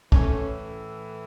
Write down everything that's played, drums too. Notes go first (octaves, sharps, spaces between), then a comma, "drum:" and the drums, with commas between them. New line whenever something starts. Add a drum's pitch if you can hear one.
A2 E3 A3 C#4, drum: kick